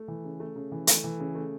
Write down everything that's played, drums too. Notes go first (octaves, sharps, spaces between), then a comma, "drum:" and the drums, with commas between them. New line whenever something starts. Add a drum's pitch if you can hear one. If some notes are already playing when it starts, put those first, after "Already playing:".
Already playing: A3
E3
C#3
A3
C#3
E3
A3, drum: hi-hat
E3
C#3
A3